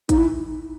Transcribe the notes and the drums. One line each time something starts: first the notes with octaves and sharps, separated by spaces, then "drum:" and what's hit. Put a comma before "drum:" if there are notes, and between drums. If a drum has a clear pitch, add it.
D#4, drum: kick, hi-hat
E4